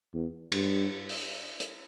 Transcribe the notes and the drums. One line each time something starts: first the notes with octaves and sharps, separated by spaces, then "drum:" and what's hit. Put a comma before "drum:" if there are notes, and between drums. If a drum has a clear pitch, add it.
E2
G2, drum: cymbal
drum: open hi-hat
drum: hi-hat